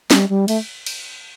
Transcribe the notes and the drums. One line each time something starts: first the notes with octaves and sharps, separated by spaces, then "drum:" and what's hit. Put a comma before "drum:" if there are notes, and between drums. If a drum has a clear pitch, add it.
G3, drum: snare
G3
A3, drum: cymbal
drum: cymbal